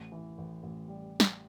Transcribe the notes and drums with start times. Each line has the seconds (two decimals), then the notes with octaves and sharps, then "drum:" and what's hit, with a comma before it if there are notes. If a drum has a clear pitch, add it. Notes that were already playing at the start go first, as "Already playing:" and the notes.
Already playing: A1
0.12 E3
0.38 A1
0.63 A1
0.88 G3
1.20 drum: snare